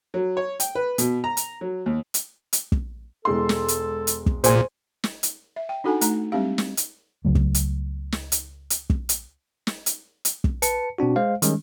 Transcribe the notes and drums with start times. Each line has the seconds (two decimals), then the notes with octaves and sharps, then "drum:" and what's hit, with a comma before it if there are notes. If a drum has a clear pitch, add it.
0.14 F#3
0.37 C#5
0.60 G5, drum: hi-hat
0.75 B4
0.98 B2, drum: hi-hat
1.24 A#5
1.37 drum: hi-hat
1.61 F#3
1.86 D#2
2.14 drum: hi-hat
2.53 drum: hi-hat
2.72 drum: kick
3.25 E1 G#3 A4 C6
3.49 drum: snare
3.68 drum: hi-hat
4.07 drum: hi-hat
4.26 drum: kick
4.44 A#2 G#4 C5 G#5, drum: hi-hat
5.04 drum: snare
5.23 drum: hi-hat
5.56 E5
5.69 G5
5.84 D4 D#4 F#4 A4 F#5 G#5
6.01 A3 D#4 A#5, drum: hi-hat
6.32 G3 G#3 C4 D4 G4 F5
6.58 drum: snare
6.77 drum: hi-hat
7.25 C#2 C#3 F#3 A3
7.35 drum: kick
7.54 drum: hi-hat
8.12 drum: snare
8.32 drum: hi-hat
8.70 drum: hi-hat
8.90 drum: kick
9.09 drum: hi-hat
9.67 drum: snare
9.86 drum: hi-hat
10.25 drum: hi-hat
10.44 drum: kick
10.62 B4 A5 C#7, drum: hi-hat
10.98 B2 C4 D4 F#4
11.16 G#3 C5 F5
11.42 D#3 G3 G#3 C#4, drum: hi-hat